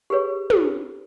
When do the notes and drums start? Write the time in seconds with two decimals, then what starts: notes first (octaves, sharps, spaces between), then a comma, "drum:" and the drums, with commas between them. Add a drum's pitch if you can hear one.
0.10 G4 G#4 B4 C#5
0.50 drum: tom